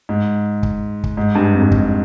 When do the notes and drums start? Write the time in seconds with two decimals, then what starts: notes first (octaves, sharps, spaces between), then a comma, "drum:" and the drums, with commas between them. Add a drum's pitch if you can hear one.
0.09 G#2
0.63 drum: kick
1.04 drum: kick
1.17 G#2
1.35 G2
1.53 F2
1.62 G2
1.72 G#2, drum: kick